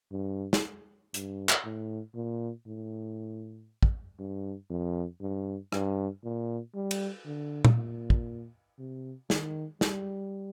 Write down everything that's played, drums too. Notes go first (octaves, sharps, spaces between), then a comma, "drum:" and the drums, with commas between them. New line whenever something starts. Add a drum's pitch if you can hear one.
G2
drum: snare
G2, drum: hi-hat
drum: clap
A2
A#2
A2
drum: kick
G2
F2
G2
G2, drum: rim click
A#2
G3
drum: cymbal
D3
drum: tom
A#2
drum: kick
C3
D#3, drum: snare
G3, drum: snare